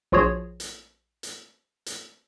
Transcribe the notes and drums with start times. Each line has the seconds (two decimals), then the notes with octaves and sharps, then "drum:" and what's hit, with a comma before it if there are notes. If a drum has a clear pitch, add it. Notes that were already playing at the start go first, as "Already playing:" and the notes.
0.12 A#1 F3 F4 F#4 G#4 C#5
0.60 drum: hi-hat
1.23 drum: hi-hat
1.86 drum: hi-hat